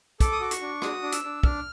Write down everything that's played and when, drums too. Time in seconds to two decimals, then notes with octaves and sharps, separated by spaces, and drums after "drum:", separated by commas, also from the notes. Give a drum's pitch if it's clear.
0.20 A4 D6, drum: kick, hi-hat
0.32 D#6
0.40 F#4 D6
0.51 C#6, drum: hi-hat
0.61 D4
0.82 F#4 D#6, drum: rim click
1.02 D4
1.12 E6, drum: hi-hat
1.24 D4
1.43 D4 F6, drum: kick